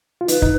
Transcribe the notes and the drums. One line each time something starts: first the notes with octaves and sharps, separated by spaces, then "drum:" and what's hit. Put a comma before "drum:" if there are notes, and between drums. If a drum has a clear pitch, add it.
F4
D#4 B4, drum: hi-hat
D#4, drum: kick